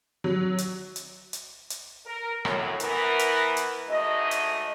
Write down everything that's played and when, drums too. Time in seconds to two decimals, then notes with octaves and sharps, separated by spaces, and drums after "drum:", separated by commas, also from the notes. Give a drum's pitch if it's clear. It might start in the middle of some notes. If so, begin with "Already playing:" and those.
0.24 F#3
0.58 drum: hi-hat
0.96 drum: hi-hat
1.33 drum: hi-hat
1.70 drum: hi-hat
2.04 A#4
2.45 F#2 A2 F#3, drum: rim click
2.80 E3 B3 A#4, drum: hi-hat
3.19 drum: hi-hat
3.57 drum: hi-hat
3.87 D2 G#2 A3 D#5
4.31 drum: hi-hat